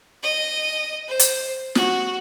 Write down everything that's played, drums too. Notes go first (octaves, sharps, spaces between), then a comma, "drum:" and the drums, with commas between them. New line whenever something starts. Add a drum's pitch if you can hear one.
D#5
C5
drum: hi-hat
F#4, drum: snare